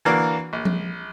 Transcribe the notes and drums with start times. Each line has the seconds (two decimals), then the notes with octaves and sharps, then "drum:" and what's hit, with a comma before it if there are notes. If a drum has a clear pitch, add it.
0.05 E3 A#3 D4 F#4
0.53 A#1
0.65 drum: tom F3